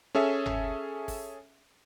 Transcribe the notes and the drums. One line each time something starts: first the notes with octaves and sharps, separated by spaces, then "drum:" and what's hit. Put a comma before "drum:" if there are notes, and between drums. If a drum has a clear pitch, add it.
C#4 G#4 A4 E5
drum: tom G1
drum: kick, open hi-hat